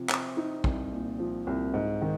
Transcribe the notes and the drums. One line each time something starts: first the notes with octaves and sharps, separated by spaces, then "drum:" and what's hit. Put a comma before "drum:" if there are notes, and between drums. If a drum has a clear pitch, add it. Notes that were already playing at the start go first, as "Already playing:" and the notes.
Already playing: C3 F3
C4, drum: clap
D#4
C2, drum: kick
A#2
F3
C2
G#2
D#3